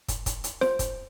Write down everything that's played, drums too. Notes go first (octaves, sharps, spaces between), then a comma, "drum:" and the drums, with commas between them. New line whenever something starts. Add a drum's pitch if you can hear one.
drum: kick, hi-hat
drum: kick, hi-hat
drum: hi-hat
C5, drum: snare
drum: kick, hi-hat